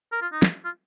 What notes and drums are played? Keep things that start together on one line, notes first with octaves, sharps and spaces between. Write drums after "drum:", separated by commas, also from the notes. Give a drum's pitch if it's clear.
A#4
F4
D#4
drum: snare
F4